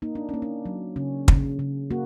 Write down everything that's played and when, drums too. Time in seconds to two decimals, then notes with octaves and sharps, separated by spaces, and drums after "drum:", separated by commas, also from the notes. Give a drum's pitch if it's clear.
0.02 A#3 D#4
0.15 D4
0.29 A#3 C#4
0.42 D4
0.66 F#3
0.96 C#3 C#4
1.28 C#3, drum: kick
1.59 C#3
1.91 A#3 F#4